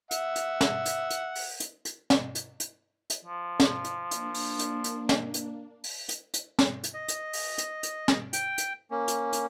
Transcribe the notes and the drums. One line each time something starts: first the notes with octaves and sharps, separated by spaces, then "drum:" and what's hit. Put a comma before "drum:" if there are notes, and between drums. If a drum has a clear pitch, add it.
E5 F#5, drum: hi-hat
drum: hi-hat
drum: snare
drum: hi-hat
drum: hi-hat
drum: open hi-hat
drum: hi-hat
drum: hi-hat
drum: snare
drum: hi-hat
drum: hi-hat
drum: hi-hat
F3
drum: snare
drum: hi-hat
A#3 D4, drum: hi-hat
drum: open hi-hat
drum: hi-hat
drum: hi-hat
drum: snare
drum: hi-hat
drum: open hi-hat
drum: hi-hat
drum: hi-hat
drum: snare
drum: hi-hat
D#5
drum: hi-hat
drum: open hi-hat
drum: hi-hat
drum: hi-hat
drum: snare
G5, drum: hi-hat
drum: hi-hat
A#3 C#4
drum: hi-hat
drum: hi-hat